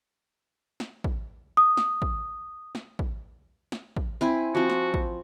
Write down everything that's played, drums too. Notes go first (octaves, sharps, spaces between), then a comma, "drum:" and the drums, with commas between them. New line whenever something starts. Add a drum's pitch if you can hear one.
drum: snare
drum: kick
D#6
drum: snare
drum: kick
drum: snare
drum: kick
drum: snare
drum: kick
C4 E4 G#5
F3 C4 F#4
drum: snare
drum: kick